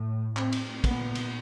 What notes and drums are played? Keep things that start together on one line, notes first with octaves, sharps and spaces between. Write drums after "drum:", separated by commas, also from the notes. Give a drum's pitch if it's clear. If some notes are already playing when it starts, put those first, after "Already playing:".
Already playing: A2
A2 C4, drum: clap
drum: cymbal
A#2 B3, drum: kick, cymbal
drum: cymbal